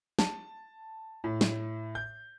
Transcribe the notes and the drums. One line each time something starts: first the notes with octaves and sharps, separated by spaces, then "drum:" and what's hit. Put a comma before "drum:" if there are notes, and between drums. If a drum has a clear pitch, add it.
A5, drum: snare
A2
drum: snare
G6